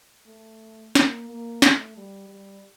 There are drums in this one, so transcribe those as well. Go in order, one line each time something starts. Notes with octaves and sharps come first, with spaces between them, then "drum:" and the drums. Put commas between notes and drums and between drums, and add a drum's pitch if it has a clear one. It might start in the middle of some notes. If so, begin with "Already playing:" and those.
A3
A#3, drum: snare
A#3
A3, drum: snare
G3
G3